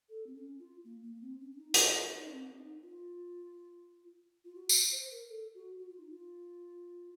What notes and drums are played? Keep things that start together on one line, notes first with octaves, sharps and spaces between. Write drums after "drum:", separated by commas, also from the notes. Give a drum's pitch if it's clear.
A4
C4
C#4
F4
A#3
A#3
A#3
C4
C#4
C#4
D#4
D#4, drum: hi-hat
F4
D#4
C#4
C4
D#4
F4
F4
F#4
drum: tambourine
C5
A#4
A4
F#4
F#4
F4
D#4
F4